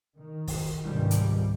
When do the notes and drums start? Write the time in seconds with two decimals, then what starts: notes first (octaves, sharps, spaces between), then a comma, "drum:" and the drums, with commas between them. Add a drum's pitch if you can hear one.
0.16 D#3
0.47 drum: kick, open hi-hat
0.84 C#2 G#2 C3 D#3 F3 G3
1.11 drum: hi-hat